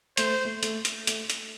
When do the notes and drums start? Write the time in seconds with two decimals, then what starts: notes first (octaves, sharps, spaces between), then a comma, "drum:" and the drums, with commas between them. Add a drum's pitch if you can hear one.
0.17 A3 C5, drum: hi-hat
0.45 A3
0.63 A3, drum: hi-hat
0.85 drum: hi-hat
1.07 A3, drum: hi-hat
1.30 drum: hi-hat